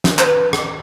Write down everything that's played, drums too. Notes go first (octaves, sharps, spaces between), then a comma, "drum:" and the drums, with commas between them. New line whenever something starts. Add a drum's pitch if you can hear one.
drum: snare
C5, drum: clap
B4
drum: rim click